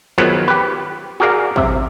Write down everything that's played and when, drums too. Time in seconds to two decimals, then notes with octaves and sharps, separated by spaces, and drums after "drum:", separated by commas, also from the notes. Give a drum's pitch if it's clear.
0.18 D#3 F3 F#3 G#3 B3
0.48 G4 B4
1.20 F#4 G#4 A#4 D5 F5
1.56 C3 E5, drum: kick